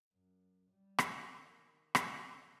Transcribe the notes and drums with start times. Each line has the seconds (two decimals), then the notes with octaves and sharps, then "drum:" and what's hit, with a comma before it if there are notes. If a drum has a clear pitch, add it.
0.14 F#2
0.71 G3
0.99 drum: rim click
1.18 D#3
1.95 drum: rim click
2.14 C#3